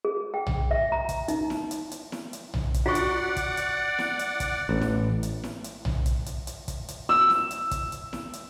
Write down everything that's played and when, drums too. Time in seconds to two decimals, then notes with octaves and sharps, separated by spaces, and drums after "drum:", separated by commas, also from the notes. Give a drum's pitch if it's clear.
0.05 G#4
0.34 G5
0.47 drum: tom B1
0.71 E5
0.92 A#5
1.09 drum: kick, hi-hat
1.28 D#4, drum: hi-hat
1.50 drum: snare E4
1.71 drum: hi-hat
1.92 drum: hi-hat
2.12 drum: snare E4
2.33 drum: hi-hat
2.54 drum: tom B1
2.74 drum: kick, hi-hat
2.86 F4 F#4 D5 F#5 C#6
2.95 drum: hi-hat
3.36 drum: kick, hi-hat
3.57 drum: hi-hat
3.99 drum: snare E4
4.19 drum: hi-hat
4.40 drum: kick, hi-hat
4.69 A1
4.81 drum: snare E4
5.23 drum: hi-hat
5.44 drum: snare E4
5.64 drum: hi-hat
5.85 drum: tom B1
6.06 drum: kick, hi-hat
6.26 drum: hi-hat
6.47 drum: hi-hat
6.68 drum: kick, hi-hat
6.88 drum: hi-hat
7.09 E6
7.30 drum: snare E4
7.51 drum: hi-hat
7.71 drum: kick, hi-hat
7.92 drum: hi-hat
8.13 drum: snare E4
8.33 drum: hi-hat